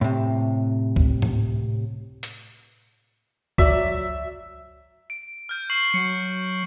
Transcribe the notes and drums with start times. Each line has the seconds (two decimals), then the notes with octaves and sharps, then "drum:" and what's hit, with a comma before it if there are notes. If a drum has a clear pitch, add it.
0.01 A2 C3
0.96 drum: kick C#2
1.22 drum: tom G#2
2.23 drum: hi-hat
3.58 F#3 D5 E5, drum: kick C#2
5.10 D7
5.49 F6 G6
5.70 C#6 C7 F#7
5.94 F#3 C#7